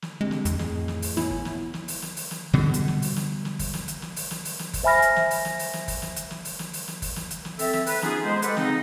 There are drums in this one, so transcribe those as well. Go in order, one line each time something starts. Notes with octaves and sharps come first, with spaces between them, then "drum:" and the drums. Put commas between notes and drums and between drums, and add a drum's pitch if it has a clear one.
drum: snare
D3 G#3 C4 G4
drum: snare
F2, drum: hi-hat
A2 G#4 D#5, drum: snare
drum: snare
drum: open hi-hat
B3 E4 C#5 G#5, drum: snare
drum: kick F#1
drum: snare
drum: snare
drum: open hi-hat
drum: snare
drum: open hi-hat
drum: snare
B2 D3 G3
drum: hi-hat
drum: snare
drum: open hi-hat
drum: snare
drum: snare
drum: kick F#1, open hi-hat
drum: snare
drum: hi-hat
drum: snare
drum: open hi-hat
drum: snare
drum: open hi-hat
drum: snare
drum: kick F#1, open hi-hat
C5 E5 G#5 B5 F6 A#6
drum: hi-hat
drum: snare
drum: open hi-hat
drum: snare
drum: open hi-hat
drum: snare
drum: kick F#1, open hi-hat
drum: snare
drum: hi-hat
drum: snare
drum: open hi-hat
drum: snare
drum: open hi-hat
drum: snare
drum: kick F#1, open hi-hat
drum: snare
drum: hi-hat
drum: snare
C4 A4 E5, drum: open hi-hat
drum: snare
B4, drum: open hi-hat
B3 C#4 D#4 F4 G#4, drum: snare
G#3 C5
G4 A4 B4 F#5, drum: hi-hat
C#3 C4 D#4, drum: snare